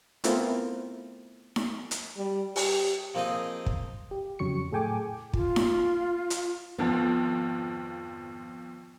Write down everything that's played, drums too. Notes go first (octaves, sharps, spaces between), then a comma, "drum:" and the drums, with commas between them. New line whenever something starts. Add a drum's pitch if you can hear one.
A3 B3 C4 E4 F4 A#4, drum: hi-hat
drum: snare D#4
drum: hi-hat
G3
G4, drum: open hi-hat
F3 A#3 C4 D#4 G#4 D#5
drum: kick
G4
F2 C#3 F#3 C#6 C#7
A2 G#4 A4 G5 G#5 D6
F4, drum: kick
drum: snare D#4
drum: hi-hat
G#1 F2 F3 B3